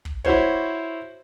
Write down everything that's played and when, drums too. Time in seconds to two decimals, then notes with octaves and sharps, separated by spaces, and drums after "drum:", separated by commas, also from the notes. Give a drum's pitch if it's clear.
0.05 drum: kick
0.24 E4 F#4 C5 C#5, drum: kick